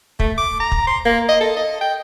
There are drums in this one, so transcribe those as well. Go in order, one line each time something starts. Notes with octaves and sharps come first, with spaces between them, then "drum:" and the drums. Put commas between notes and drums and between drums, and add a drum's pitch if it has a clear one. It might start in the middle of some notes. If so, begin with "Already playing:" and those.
A3, drum: kick
D6
A#5
drum: kick
C6
A#3
D#5
A4
D#5
G5